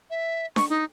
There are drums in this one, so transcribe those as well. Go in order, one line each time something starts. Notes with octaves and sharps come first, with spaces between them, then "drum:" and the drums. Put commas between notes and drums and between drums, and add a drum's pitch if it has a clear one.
E5
C#6, drum: snare D4
D#4